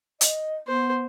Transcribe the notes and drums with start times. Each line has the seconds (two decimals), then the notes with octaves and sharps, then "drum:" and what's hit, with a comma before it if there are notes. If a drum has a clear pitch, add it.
0.21 D#5, drum: hi-hat
0.67 B3 C5